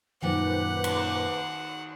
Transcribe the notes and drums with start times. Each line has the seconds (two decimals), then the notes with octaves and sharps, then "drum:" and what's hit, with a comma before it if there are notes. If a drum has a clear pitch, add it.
0.23 F#2 A#2 D#3 B4 C5 F#5 G5 D6
0.84 drum: cymbal